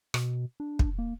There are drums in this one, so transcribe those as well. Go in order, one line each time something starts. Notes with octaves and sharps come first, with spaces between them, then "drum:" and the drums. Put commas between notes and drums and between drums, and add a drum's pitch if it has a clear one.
B2, drum: rim click
D4
drum: kick
A#3